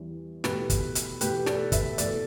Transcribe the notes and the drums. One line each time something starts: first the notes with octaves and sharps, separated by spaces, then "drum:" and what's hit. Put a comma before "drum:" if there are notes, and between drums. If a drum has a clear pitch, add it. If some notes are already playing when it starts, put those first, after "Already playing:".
Already playing: E2 E3 G3
E2 B2 A3 G4 B4, drum: snare
drum: kick, hi-hat
drum: hi-hat
E2 B2 A3 G4 B4, drum: hi-hat
A4 D5, drum: snare
B4 E5, drum: kick, hi-hat
E2 B2 A3 A4 D5, drum: hi-hat